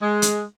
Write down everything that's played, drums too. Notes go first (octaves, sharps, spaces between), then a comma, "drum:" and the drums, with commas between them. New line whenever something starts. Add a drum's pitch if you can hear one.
G#3
drum: hi-hat